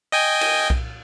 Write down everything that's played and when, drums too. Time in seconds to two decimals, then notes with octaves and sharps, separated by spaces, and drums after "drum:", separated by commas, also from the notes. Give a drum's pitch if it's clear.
0.12 D#5 G5 G#5
0.41 drum: cymbal
0.70 drum: kick B1